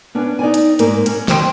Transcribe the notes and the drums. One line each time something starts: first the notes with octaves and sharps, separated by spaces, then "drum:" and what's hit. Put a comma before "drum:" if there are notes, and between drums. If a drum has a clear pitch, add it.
B3 C#4 D4
D#4 D5 G#5
drum: hi-hat
G#2 A#3 C#4 A#4 G#5, drum: hi-hat
C#4, drum: hi-hat
F2 C5 G5, drum: snare